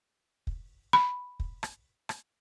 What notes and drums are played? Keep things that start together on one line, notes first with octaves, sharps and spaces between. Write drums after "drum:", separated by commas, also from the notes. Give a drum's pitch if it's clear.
drum: kick
B5
drum: kick
drum: rim click
drum: rim click